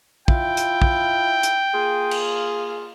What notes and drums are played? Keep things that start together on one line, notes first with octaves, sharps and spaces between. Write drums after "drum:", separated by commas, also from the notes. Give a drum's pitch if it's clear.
E4 F4 G5, drum: kick
drum: hi-hat
drum: kick
drum: hi-hat
A#3 F4 G#4
drum: cymbal